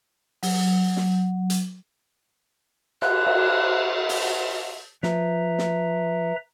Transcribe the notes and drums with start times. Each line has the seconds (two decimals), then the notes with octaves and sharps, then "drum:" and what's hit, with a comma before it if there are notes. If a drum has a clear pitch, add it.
0.43 F#3, drum: open hi-hat
0.97 drum: snare
1.50 drum: hi-hat
3.02 F#6, drum: cymbal
3.27 drum: cymbal
4.09 drum: open hi-hat
5.03 F3 B4 E5 A#5, drum: snare
5.59 drum: snare